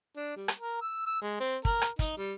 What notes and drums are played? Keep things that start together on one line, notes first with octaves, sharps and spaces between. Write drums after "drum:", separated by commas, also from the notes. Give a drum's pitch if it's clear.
D4
G3
drum: rim click
A#4
E6
E6
G#3
C4
A#4, drum: kick, open hi-hat
drum: rim click
D#4, drum: kick, hi-hat
G3